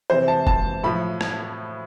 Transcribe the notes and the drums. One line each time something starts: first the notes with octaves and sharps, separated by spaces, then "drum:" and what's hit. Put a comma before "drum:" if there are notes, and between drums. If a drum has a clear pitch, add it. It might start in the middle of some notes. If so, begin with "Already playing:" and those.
C3 E3 C5
A5
A5, drum: kick F1
A2 F3 B5
drum: rim click